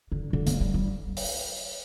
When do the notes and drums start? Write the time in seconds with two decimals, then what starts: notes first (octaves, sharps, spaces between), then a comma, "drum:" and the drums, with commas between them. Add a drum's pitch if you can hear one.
0.12 D3
0.33 D3
0.46 B3, drum: hi-hat
0.61 G3
0.74 G3
1.17 drum: open hi-hat